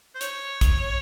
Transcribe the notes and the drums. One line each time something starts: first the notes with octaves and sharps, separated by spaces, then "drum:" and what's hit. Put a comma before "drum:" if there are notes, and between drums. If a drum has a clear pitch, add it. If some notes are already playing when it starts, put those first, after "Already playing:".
C5
C#5, drum: hi-hat
drum: kick, hi-hat